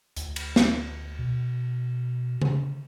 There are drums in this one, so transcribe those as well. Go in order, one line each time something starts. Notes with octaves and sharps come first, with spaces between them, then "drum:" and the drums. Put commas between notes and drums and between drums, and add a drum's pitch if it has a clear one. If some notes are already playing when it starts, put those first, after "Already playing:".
D2, drum: hi-hat
drum: cymbal
drum: snare
B2
drum: tom C#3